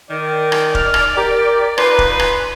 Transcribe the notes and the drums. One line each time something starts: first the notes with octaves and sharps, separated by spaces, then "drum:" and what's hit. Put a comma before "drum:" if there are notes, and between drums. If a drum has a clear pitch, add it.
D#3 D5
drum: rim click
F6, drum: kick
drum: rim click
G4 A#4
D#4 F4 B4 C6, drum: rim click
drum: kick
drum: rim click